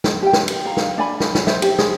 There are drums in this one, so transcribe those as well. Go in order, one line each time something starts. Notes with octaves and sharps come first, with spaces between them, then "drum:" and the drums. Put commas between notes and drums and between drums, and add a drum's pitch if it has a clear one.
drum: snare
G4 G5
drum: snare
drum: cymbal
F5 A#5
drum: snare
D4 D5 G#5 B5
drum: snare
drum: snare
C5 E5, drum: snare
G4, drum: cymbal
G#4 C5, drum: snare